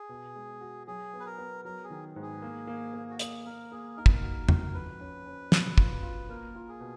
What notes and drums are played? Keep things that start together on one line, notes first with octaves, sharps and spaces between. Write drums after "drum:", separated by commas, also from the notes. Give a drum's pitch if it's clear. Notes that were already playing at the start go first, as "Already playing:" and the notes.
Already playing: G#4
B2
G#3
F#4
F#3 G#4
B3
B4
A#4
B3
F#3 A#4
G#4
D#3
G#2
G#4
A#3
A#3
A#3
F#4
A#3 G#4, drum: hi-hat
A#3 A#4
A#3 G#4
D#4 A#4
B4, drum: kick
A#4
F#4
F#4, drum: tom E2
F2 B4
C#4
C#4
B2, drum: snare
F4, drum: kick
F4
A#3 A#4
F4
G#4
B2